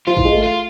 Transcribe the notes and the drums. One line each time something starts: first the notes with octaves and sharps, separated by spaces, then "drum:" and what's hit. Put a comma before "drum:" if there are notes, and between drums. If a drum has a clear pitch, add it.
F3 F4
E3, drum: kick
G#3
A3
F4